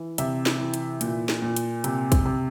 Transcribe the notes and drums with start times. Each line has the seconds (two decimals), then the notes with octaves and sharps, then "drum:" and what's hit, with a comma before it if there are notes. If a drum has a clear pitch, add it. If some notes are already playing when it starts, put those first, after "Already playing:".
Already playing: E3
0.18 C3 E5, drum: hi-hat
0.46 drum: snare
0.60 E3
0.74 drum: hi-hat
1.01 A#2, drum: hi-hat
1.29 drum: snare
1.42 A#2
1.56 drum: hi-hat
1.84 C3, drum: hi-hat
2.12 drum: kick, hi-hat
2.25 C3